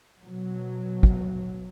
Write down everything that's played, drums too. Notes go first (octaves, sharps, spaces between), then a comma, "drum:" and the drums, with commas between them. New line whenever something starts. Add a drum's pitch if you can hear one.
B2 F#3
drum: kick